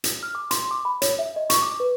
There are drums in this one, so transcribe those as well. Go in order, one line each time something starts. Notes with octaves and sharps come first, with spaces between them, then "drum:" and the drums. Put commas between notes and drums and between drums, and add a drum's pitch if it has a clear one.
drum: hi-hat
F6
D6
C6, drum: hi-hat
D6
B5
C#5, drum: hi-hat
E5
D#5
C#6, drum: hi-hat
D6
B4